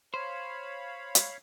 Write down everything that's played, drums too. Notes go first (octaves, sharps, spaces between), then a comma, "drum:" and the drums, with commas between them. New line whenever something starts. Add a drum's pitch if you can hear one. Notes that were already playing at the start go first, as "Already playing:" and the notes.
C5 C#5 F5 B5
drum: hi-hat